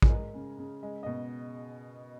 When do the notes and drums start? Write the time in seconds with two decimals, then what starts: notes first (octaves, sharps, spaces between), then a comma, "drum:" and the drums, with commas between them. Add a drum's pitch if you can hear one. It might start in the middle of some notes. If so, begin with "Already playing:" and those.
0.02 G#4, drum: kick
0.09 G#3 A#4
0.34 C#3
0.58 C#3
0.83 G#3
1.03 B2 D#5